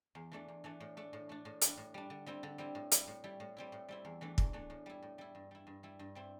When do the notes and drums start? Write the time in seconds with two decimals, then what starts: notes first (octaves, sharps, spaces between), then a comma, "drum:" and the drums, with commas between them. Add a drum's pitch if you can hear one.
0.15 E2
0.32 E3 A3 D4
0.48 E2
0.64 E3 A3 D4
0.80 A2
0.97 A3 D4
1.13 A2
1.29 A3 D4
1.45 A2
1.61 G3 D4, drum: hi-hat
1.77 A2
1.94 G3 D4
2.10 D3
2.26 G3 C4 E4
2.43 D3
2.58 G3 C4 E4
2.75 A2
2.91 G3 E4, drum: hi-hat
3.07 A2
3.24 G3 E4
3.40 A2
3.57 G3 C4 E4
3.72 A2
3.88 G3 C4 E4
4.05 E2
4.21 E3 A3 D4
4.38 E2, drum: kick
4.53 E3 A3 D4
4.70 A2
4.86 G3 E4
5.02 A2
5.18 G3 E4
5.35 G2
5.51 G3 E4
5.67 G2
5.83 G3 E4
5.99 G2
6.15 G3 C4 E4